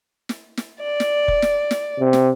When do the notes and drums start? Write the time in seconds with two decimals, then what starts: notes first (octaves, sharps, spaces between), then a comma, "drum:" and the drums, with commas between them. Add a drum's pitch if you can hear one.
0.29 drum: snare
0.57 drum: snare
0.82 D5
1.00 drum: snare
1.28 drum: kick
1.42 drum: snare
1.71 drum: snare
1.99 C3
2.13 drum: snare